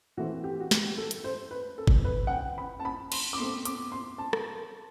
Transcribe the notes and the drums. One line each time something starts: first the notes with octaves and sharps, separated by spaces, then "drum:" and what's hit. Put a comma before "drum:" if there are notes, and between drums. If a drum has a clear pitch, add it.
E3 A3 C4 F#4
G4
F#4
G4, drum: snare
A4
drum: hi-hat
C5
B4
A4
drum: kick G1
B4
F#5
G5
B5
A5
B5
C6, drum: cymbal
D6
B2 A3 C4 C6
D6, drum: hi-hat
C6
A5
drum: rim click